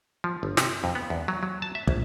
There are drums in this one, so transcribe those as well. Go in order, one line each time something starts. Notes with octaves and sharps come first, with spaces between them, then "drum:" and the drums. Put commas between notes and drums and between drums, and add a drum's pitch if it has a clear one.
F3
G1
C3, drum: snare
F2
B3
E2
F#3
F#3
A5
E5
A#1, drum: kick